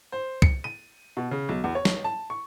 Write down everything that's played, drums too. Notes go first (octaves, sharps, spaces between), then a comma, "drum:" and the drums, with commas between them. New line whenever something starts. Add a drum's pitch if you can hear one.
C5
C#7, drum: kick
D#7
B2
C#3
B1
E2
C#5
drum: snare
A5
C#6